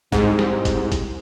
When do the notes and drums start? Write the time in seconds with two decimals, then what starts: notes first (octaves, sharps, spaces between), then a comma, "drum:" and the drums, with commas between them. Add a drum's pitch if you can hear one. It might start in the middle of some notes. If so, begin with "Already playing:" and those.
0.12 C2 G#2 C4, drum: kick
0.39 drum: snare
0.65 drum: kick, hi-hat
0.92 drum: kick, hi-hat